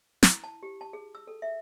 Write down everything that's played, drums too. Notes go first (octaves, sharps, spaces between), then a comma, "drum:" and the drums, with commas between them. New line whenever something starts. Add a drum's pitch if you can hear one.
E4, drum: snare
A5
G4
A5
G#4
E6
A4
E5